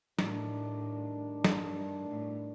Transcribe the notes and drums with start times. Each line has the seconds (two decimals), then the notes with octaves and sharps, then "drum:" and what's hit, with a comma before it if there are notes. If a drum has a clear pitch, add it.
0.19 A2 D#3 G3 D4, drum: snare
1.44 G2, drum: snare
2.07 A2